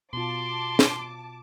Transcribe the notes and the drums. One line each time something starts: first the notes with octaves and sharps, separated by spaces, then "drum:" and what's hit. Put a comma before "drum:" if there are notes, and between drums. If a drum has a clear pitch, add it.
B2 F4 A5 C6 D6
drum: snare